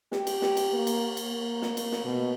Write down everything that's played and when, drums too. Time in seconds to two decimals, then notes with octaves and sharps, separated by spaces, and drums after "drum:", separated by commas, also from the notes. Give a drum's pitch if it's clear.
0.12 G4, drum: snare
0.27 drum: cymbal
0.42 drum: snare
0.57 drum: cymbal
0.73 A#3
0.87 drum: cymbal
1.17 drum: cymbal
1.31 A#3
1.62 drum: snare
1.77 drum: cymbal
1.92 drum: snare
2.04 B2